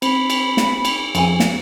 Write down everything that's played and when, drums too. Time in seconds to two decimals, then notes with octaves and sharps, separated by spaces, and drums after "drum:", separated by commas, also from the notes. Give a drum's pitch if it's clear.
0.02 C4 B5, drum: cymbal
0.30 drum: cymbal
0.57 drum: snare
0.85 drum: cymbal
1.15 F2 C#3 C4 G#5, drum: cymbal
1.40 drum: snare